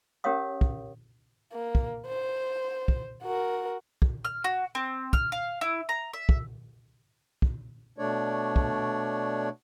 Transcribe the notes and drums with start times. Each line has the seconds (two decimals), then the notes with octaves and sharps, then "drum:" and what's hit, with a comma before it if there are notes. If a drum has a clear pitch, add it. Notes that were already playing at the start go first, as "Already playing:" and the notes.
0.24 C#4 G4 A#4 C#5 F5 D#6
0.61 drum: kick
1.53 A#3
1.75 drum: kick
2.07 C5
2.88 drum: kick
3.23 F#4 A#4
4.02 drum: kick
4.25 F6
4.44 F#4
4.75 C4
5.13 F6, drum: kick
5.32 F5
5.61 E4
5.89 A#5
6.13 E5
6.29 drum: kick
7.42 drum: kick
7.98 B2 A3 D4 C#5 D5
8.56 drum: kick